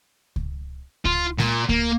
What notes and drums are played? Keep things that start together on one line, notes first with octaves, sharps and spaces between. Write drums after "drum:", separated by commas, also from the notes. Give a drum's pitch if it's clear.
drum: kick C#2
F4, drum: kick C#2
A#2, drum: snare G#3
A#3, drum: kick C#2